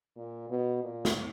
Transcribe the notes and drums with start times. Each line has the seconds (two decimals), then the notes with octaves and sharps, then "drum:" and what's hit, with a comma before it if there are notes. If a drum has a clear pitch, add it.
0.17 A#2
0.50 B2
0.84 A#2
1.05 drum: snare